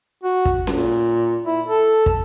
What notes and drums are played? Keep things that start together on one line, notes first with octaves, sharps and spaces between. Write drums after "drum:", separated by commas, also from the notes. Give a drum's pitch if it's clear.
F#4
drum: kick
A#2, drum: snare C#4
E4
A4
drum: kick